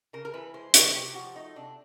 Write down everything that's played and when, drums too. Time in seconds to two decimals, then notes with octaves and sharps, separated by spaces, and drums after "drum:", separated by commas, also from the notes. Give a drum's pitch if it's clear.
0.13 C#3 A#4
0.25 A#4
0.34 E3 B4
0.54 G#3 C5
0.74 C#3 C#5, drum: hi-hat
0.95 C3 G4
1.15 F3 F#4
1.35 A3 D#4
1.56 C3 D4